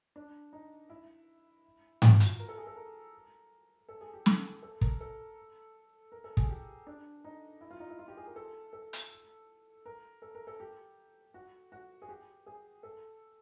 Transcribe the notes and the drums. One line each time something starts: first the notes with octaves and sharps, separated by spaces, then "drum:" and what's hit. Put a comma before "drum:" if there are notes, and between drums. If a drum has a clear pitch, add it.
D4
D#4
E4
F4, drum: tom G#2
F#4, drum: hi-hat
A#4
A4
G#4
A4
A#4
A4
G#4
G4
A4, drum: snare
A4
A#4, drum: kick
A4
A#4
A4
G#4, drum: kick
G4
D4
D#4
E4
F4
D#4
E4
F4
G4
G#4
A#4
A4
A4
drum: hi-hat
A#4
A4
A#4
A4
G4
F#4
F#4
G#4
G4
G#4
A4